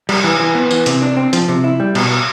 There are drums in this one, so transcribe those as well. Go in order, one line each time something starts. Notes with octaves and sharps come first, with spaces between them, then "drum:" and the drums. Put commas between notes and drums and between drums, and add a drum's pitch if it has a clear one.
G3, drum: cymbal
E3
E3
B3
E3, drum: tambourine
C3, drum: hi-hat
D4
C4
F3, drum: hi-hat
C3
E4
G3
B2, drum: cymbal